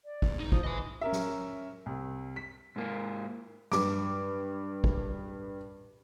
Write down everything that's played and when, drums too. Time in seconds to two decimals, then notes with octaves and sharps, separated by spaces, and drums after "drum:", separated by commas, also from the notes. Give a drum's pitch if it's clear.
0.05 D5
0.22 G1 E2 G#2, drum: kick
0.39 D#4
0.52 F3 D#6, drum: kick
0.64 E3 D#5 G#5
1.01 C#4 A#4 E5
1.12 drum: snare
1.86 C2
2.36 B6
2.76 G#2 A#3
3.72 G2 D6, drum: snare
4.84 drum: kick